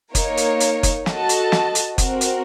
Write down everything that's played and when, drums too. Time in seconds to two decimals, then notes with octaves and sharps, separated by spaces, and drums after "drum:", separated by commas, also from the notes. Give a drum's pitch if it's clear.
0.15 A#3 D#4 A#4 C#5, drum: kick F#1, hi-hat
0.37 drum: hi-hat
0.60 drum: hi-hat
0.83 drum: kick F#1, hi-hat
1.06 F#4 A4 D#5 A5, drum: snare
1.29 drum: hi-hat
1.52 drum: snare
1.75 drum: hi-hat
1.98 C4 F#4 A#4, drum: kick F#1, hi-hat
2.21 drum: hi-hat